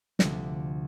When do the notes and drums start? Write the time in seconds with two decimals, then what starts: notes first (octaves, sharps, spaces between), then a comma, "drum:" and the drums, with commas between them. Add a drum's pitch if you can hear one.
0.19 D2 C3 F3 A3, drum: snare